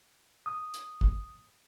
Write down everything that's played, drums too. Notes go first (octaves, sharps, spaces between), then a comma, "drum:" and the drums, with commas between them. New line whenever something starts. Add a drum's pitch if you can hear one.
D#6
drum: hi-hat
drum: kick